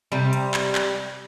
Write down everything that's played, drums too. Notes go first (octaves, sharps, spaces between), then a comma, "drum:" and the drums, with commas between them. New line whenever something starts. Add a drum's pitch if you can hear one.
C3 G3
drum: hi-hat
drum: clap
drum: clap